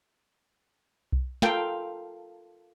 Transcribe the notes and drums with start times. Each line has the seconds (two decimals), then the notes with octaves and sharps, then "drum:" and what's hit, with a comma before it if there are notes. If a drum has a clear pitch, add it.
1.12 drum: kick B1
1.42 F4 A4 A#4 F5 G5, drum: snare